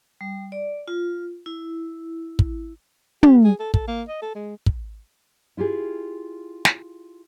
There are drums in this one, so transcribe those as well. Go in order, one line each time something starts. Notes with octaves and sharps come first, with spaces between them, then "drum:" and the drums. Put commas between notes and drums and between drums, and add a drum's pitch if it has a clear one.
G3
D5
F4
E4
drum: kick
G4, drum: tom
G#4
A4
A4, drum: kick
A#3
D#5
A4
G#3
drum: kick
E4 F4 G4 G#4
drum: snare